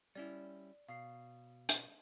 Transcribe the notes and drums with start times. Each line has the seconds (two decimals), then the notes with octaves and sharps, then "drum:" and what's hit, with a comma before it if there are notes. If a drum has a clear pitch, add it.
0.15 G3 C#4 E4 D5
0.88 B2 F5 C7
1.69 drum: hi-hat